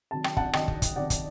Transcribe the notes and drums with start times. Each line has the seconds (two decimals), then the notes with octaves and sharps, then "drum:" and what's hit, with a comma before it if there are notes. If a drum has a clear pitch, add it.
0.11 C3 D#3 F#3 A5
0.24 G5, drum: rim click
0.37 F#5 A5, drum: kick
0.53 C3 D#3 F#3 D#5 G5, drum: rim click
0.68 drum: kick
0.82 drum: kick, hi-hat
0.96 C3 D#3 F#3 D5 F#5
1.10 drum: kick, hi-hat